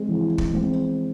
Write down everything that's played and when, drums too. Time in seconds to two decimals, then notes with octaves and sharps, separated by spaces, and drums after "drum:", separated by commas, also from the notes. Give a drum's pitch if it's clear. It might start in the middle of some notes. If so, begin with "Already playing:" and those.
Already playing: G#3 C4
0.08 E3
0.38 drum: kick
0.54 G#3 C4